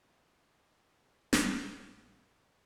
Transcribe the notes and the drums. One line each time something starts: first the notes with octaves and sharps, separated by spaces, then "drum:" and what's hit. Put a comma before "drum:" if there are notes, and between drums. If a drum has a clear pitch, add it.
G#1 A2 B3, drum: snare